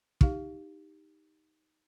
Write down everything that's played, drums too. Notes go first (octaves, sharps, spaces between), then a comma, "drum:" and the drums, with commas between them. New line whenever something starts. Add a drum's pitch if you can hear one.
D#4 G4 F5, drum: kick